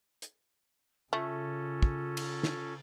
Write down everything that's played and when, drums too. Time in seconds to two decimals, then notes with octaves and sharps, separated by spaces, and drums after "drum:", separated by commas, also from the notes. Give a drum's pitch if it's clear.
0.22 drum: hi-hat
1.13 C#3 A3 C#4 F4 A4
1.83 drum: kick
2.17 drum: cymbal
2.43 drum: snare